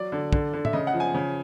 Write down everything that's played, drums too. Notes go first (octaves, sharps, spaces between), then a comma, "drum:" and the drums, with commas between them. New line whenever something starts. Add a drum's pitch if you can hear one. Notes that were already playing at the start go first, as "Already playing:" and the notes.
Already playing: F#3 D5
D3
D3, drum: kick
D3
E5, drum: tom
C#3 D#5
F#5
F3
G#5
C#3